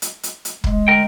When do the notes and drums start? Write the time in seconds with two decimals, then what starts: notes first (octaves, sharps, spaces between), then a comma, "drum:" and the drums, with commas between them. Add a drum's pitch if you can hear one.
0.02 drum: hi-hat
0.23 drum: hi-hat
0.45 drum: hi-hat
0.64 G#3, drum: kick
0.88 D2 A#4 G5